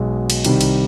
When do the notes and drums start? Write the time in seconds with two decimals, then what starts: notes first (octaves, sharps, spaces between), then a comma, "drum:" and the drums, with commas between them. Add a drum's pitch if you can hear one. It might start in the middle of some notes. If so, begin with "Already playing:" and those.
Already playing: B1 B2 G#3
0.30 drum: cymbal
0.45 C2 C3 D#3 G3, drum: cymbal
0.61 drum: cymbal